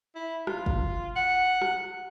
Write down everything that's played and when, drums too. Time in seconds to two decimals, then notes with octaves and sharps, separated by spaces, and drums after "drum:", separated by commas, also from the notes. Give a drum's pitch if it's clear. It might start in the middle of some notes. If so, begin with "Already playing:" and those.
0.15 E4
0.47 F4, drum: rim click
0.66 drum: kick
1.16 F#5
1.62 drum: rim click